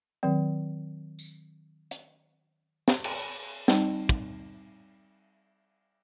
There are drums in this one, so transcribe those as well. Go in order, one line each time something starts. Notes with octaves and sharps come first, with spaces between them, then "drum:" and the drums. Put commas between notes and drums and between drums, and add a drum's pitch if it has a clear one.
D#3 F#3 C4
drum: tambourine
drum: hi-hat
drum: snare
drum: cymbal
G3 C4 D#4, drum: snare
drum: kick